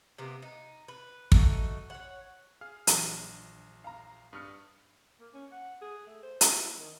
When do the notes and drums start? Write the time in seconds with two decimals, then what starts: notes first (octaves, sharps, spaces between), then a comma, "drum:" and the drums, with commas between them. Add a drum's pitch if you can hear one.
0.18 C3 A#3 B3
0.42 D#4
0.88 B4
1.32 A3 D#4 F#4, drum: kick
1.90 C#5 F#5
2.61 G#4 F5 F6
2.87 A#1 E3 F#3 D4, drum: hi-hat
3.84 F5 A#5
4.33 G2 D#6 F6 C#7
5.21 A#3
5.34 C#4
5.52 F#5
5.81 G#4
6.07 A3
6.23 C5
6.41 C#4, drum: hi-hat
6.53 E4
6.79 D#3